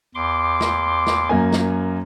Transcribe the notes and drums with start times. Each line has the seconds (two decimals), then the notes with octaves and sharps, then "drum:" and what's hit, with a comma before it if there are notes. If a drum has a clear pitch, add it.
0.15 E2 C6 D6
0.60 drum: snare
1.06 drum: snare
1.29 F#2 A#3 G#5
1.52 drum: snare